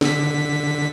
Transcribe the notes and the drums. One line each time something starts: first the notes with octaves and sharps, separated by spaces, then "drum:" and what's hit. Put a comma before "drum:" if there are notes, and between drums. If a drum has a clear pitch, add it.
D3 B6, drum: snare